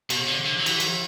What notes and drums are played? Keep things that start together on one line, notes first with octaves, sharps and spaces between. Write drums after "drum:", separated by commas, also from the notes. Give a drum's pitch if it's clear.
B2, drum: cymbal
D3
D3
F#3
E3, drum: cymbal
drum: cymbal